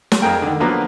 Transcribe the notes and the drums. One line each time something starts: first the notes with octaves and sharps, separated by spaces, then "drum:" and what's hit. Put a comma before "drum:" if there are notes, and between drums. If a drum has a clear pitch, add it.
drum: snare
F2 G#4 A#4 G5
D3 D#3
D3 F3 F#3 A#3 B3 D4